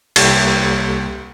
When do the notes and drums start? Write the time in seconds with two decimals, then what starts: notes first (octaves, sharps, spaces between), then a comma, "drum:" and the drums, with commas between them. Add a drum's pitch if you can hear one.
0.16 C2 A#3 G4 A4 C#6 C7, drum: cymbal